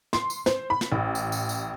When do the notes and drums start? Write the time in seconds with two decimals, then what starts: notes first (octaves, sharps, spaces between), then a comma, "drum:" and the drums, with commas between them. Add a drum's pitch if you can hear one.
0.13 C6, drum: snare
0.30 drum: tambourine
0.46 C5, drum: snare
0.70 B5
0.81 drum: snare
0.92 A1
1.15 drum: tambourine
1.32 drum: tambourine
1.49 drum: tambourine